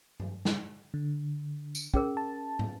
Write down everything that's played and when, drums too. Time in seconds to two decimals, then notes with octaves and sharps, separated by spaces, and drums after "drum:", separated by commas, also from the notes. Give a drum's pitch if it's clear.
0.20 drum: tom G2
0.45 drum: snare
0.94 D3
1.75 drum: tambourine
1.94 C#4 G#4 A#4, drum: kick
2.17 A5
2.59 drum: tom